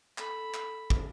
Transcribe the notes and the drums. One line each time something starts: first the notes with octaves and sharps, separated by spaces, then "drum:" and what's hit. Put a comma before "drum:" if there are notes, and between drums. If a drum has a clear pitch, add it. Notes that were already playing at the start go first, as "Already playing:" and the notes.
A4 B5, drum: clap
drum: clap
drum: kick